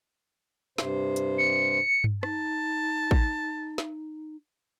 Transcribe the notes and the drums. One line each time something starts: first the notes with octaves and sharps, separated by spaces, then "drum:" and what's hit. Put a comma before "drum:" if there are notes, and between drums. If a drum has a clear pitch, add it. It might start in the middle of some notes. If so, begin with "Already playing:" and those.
G2 C3 C5, drum: snare
drum: hi-hat
C#7
drum: tom G2
D#4 A5, drum: rim click
drum: kick
drum: snare